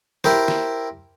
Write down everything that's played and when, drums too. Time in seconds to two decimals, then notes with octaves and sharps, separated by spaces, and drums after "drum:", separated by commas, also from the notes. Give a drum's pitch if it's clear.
0.24 E4 G4 A#4 C5, drum: snare
0.48 drum: snare